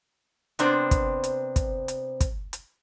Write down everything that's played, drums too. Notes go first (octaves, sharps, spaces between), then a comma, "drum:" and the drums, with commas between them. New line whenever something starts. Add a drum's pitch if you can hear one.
C3 B3 C4 D4 C5, drum: hi-hat
drum: kick, hi-hat
drum: hi-hat
drum: kick, hi-hat
drum: hi-hat
drum: kick, hi-hat
drum: hi-hat